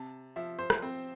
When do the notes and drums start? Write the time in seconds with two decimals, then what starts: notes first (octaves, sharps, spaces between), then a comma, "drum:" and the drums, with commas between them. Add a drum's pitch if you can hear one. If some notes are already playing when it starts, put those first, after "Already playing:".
Already playing: C3 A5
0.36 F3 E5
0.59 C5
0.70 drum: rim click
0.82 C4